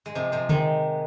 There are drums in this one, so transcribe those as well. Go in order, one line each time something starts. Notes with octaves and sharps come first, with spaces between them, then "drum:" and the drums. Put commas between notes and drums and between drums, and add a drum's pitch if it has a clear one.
G#3
C3 F3
C3 F3
D#3 G#3, drum: tom C#3